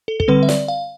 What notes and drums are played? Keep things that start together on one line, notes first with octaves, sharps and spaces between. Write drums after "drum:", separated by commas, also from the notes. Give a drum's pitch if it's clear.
A4
A4, drum: kick
D3 G3 C4 B4
E5
D5, drum: snare
F5